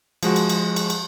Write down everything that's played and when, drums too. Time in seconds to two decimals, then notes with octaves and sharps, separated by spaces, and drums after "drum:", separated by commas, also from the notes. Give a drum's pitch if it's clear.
0.23 F3 G#3 F#4, drum: cymbal
0.36 drum: cymbal
0.49 drum: cymbal
0.76 drum: cymbal
0.90 drum: cymbal